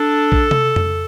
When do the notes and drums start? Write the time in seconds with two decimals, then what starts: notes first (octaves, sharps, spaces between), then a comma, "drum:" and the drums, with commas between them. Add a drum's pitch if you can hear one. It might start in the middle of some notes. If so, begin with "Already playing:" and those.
Already playing: D4 A4
0.32 drum: kick A#1
0.51 drum: tom C3
0.76 drum: tom F2